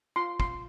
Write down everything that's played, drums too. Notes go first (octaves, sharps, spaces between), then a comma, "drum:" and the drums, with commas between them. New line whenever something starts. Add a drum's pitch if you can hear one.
F4 C6
C6, drum: kick